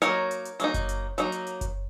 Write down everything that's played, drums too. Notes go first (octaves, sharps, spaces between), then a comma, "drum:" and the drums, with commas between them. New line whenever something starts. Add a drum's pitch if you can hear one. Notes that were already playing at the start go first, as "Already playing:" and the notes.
F#3 A#3 D#4 A#4 C#5, drum: hi-hat
drum: hi-hat
drum: hi-hat
F#3 A#3 D#4, drum: hi-hat
drum: kick F#1, hi-hat
drum: hi-hat
F#3 A#3 D#4, drum: hi-hat
drum: hi-hat
drum: hi-hat
drum: kick F#1, hi-hat